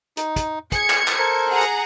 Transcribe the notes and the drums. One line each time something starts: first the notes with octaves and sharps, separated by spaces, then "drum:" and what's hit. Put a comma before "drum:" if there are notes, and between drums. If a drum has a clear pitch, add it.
D#4, drum: hi-hat
drum: kick, hi-hat
G#4 G#6 C#7, drum: kick, hi-hat
drum: clap
drum: clap
A4 A#4 C5
G#4 F#5 A#5
drum: hi-hat